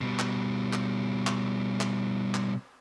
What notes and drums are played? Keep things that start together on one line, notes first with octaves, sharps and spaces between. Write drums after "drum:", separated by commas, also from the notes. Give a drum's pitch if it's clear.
B2 G3
drum: clap
drum: clap
drum: clap
drum: clap
drum: clap